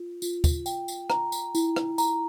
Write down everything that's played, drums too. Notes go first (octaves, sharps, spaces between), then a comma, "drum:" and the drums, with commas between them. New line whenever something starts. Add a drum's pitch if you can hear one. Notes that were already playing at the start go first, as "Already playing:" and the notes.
Already playing: F4
F4, drum: tambourine
drum: kick, tambourine
G5, drum: tambourine
drum: tambourine
A#5, drum: rim click
drum: tambourine
E4, drum: tambourine
drum: rim click
A#5, drum: tambourine